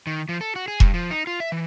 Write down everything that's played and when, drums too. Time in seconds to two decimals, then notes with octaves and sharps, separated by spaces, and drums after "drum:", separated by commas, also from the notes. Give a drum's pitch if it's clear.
0.07 D#3
0.29 F3
0.41 A4
0.56 F#4
0.68 G#4
0.80 G2, drum: kick E1
0.94 F3
1.11 D#4
1.27 F4
1.40 E5
1.52 E3